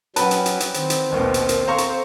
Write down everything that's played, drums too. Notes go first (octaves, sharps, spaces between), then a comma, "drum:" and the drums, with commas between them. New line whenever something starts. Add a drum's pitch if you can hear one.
F#3 C#4 B4 F#5 G5 A5, drum: hi-hat
drum: hi-hat
drum: hi-hat
drum: hi-hat
D#3 C4, drum: hi-hat
drum: hi-hat
A#1 D#2 B2 A#4
drum: hi-hat
drum: hi-hat
A4 C5 F5 A#5 C#6
drum: hi-hat